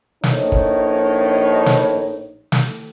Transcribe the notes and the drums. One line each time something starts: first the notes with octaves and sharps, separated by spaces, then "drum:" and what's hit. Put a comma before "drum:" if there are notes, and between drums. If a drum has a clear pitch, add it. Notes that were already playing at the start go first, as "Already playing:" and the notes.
A#1 A2 D#4 C#5, drum: snare
drum: kick
drum: snare
drum: snare